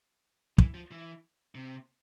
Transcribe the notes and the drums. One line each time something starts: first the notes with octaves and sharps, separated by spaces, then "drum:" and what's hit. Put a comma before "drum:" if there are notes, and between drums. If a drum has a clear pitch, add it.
E3, drum: kick
F3
E3
C3